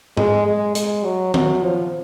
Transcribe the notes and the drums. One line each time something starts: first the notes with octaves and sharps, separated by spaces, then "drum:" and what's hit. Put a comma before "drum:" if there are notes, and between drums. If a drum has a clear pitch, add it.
G#3, drum: tom G#2
G#3
G#3, drum: hi-hat
F#3
F#3, drum: tom D#3
F3